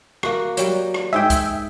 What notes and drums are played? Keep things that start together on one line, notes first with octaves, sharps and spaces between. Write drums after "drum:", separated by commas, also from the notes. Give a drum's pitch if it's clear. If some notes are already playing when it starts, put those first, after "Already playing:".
A#3 F#4, drum: rim click
F#3 G3, drum: hi-hat
drum: rim click
G#2 G#4 E5 G5
drum: kick C2, hi-hat